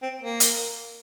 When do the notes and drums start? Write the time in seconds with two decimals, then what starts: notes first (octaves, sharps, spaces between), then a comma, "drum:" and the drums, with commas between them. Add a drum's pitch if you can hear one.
0.02 C4
0.21 A#3
0.40 drum: hi-hat